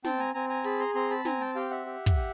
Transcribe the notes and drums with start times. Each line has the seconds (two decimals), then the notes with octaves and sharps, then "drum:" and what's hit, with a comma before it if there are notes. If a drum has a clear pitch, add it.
0.04 C4 G5 A5, drum: snare
0.19 G#5 A#5
0.34 C4 G#5 A#5
0.49 G#5 A#5
0.64 G#4 A5 B5, drum: hi-hat
0.80 A#5 C6
0.95 C4 A#5 C6
1.10 A5 B5
1.25 C4 G#5 A#5, drum: snare
1.41 G5 A5
1.55 G4 F5 G5
1.70 E5 F#5
1.86 G4
2.06 drum: kick, hi-hat
2.16 G4